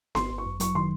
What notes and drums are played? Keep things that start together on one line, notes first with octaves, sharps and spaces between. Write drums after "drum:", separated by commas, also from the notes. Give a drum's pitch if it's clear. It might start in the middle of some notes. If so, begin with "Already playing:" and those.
G1 C6, drum: snare B3
G1
C#6
F#2
F#3 C#6, drum: hi-hat
D#3 C6